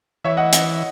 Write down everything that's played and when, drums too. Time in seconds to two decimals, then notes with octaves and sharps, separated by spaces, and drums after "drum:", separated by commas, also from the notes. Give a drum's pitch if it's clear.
0.24 E3 C#5 E5
0.37 D#5 F#5
0.53 drum: hi-hat